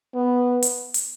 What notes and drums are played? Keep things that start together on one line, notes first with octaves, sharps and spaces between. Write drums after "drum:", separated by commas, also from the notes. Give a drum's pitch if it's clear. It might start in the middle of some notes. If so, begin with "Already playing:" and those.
B3
drum: hi-hat
drum: hi-hat